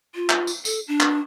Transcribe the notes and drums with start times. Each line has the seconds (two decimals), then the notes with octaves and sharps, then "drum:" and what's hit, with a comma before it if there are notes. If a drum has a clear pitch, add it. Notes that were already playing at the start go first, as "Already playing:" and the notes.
0.15 F4
0.30 drum: clap
0.47 drum: tambourine
0.65 A4, drum: tambourine
0.88 D4
1.01 drum: clap